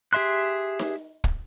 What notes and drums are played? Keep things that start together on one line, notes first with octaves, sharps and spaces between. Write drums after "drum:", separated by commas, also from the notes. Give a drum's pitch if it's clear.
G4 G#4 E5 C6 F#6
drum: snare D#4
drum: kick